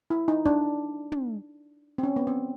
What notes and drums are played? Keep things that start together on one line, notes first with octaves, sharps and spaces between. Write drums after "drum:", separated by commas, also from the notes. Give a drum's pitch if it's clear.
E4
D#4
D4, drum: kick
drum: tom
C4
C#4
B3
C4